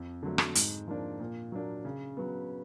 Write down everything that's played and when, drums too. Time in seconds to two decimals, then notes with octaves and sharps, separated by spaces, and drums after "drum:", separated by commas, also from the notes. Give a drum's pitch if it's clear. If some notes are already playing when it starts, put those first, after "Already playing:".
Already playing: F2
0.23 D3 F#3 A3
0.38 drum: rim click
0.55 G#2, drum: hi-hat
0.88 F3 A#3 D4
1.20 A#2
1.52 F#3 A#3 D4
1.85 C#3
2.17 F#3 B3